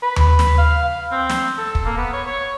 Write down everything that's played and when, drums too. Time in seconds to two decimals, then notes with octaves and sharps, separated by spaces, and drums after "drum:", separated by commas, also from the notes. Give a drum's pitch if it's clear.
0.03 B4
0.16 drum: tom D#2
0.39 drum: snare
0.58 F5
0.85 F5
1.11 C4
1.30 drum: snare
1.58 A4
1.75 drum: kick
1.85 A#3
1.98 B3
2.13 C#5
2.27 C#5